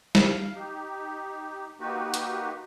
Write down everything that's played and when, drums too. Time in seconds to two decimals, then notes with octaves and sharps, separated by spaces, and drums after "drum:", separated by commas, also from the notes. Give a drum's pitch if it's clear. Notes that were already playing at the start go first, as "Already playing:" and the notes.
0.15 F5, drum: snare
0.55 D#4 G4
1.80 A#3 D#4 F#4 G4 B4
2.14 drum: hi-hat